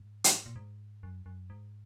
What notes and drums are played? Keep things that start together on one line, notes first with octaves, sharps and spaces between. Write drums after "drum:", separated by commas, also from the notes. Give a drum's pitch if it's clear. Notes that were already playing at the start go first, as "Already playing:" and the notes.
Already playing: G#2
drum: hi-hat
A#2
G#2
F#2
F#2
G#2